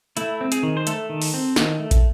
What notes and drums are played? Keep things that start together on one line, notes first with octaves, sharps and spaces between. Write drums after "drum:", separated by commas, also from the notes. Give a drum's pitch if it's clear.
A3 E4, drum: hi-hat
C4
G#4, drum: hi-hat
D#3
C5
A3 A4, drum: hi-hat
D#3
drum: open hi-hat
C4
D#3, drum: snare
A3
drum: kick, hi-hat